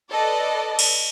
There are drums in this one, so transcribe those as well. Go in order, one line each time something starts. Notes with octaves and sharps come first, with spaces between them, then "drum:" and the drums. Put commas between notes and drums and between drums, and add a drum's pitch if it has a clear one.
A4 B4 D5 D#5
drum: cymbal